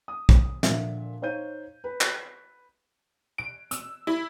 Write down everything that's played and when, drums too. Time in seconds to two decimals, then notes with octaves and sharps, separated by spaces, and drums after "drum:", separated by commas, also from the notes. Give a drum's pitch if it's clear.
0.08 D#6
0.29 drum: kick
0.63 A#2 D3 F3 E5, drum: snare
1.22 D#4 C5 C#5 F5 G6 D#7
1.84 B4
2.01 drum: clap
3.38 D7
3.71 E6, drum: hi-hat
4.07 E4